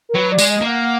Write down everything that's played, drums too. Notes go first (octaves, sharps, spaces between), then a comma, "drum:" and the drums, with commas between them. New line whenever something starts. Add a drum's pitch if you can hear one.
A#4
F#3 B4
D5
G#3, drum: tambourine
D#5
A#3
F#5
F#5